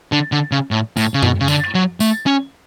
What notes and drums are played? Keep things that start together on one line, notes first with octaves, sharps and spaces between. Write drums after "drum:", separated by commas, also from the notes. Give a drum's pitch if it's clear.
D3
D3
C#3
A2
A2, drum: tambourine
C#3
B2, drum: tom F#2
C#3
D3, drum: tambourine
F#3
A3, drum: tambourine
C#4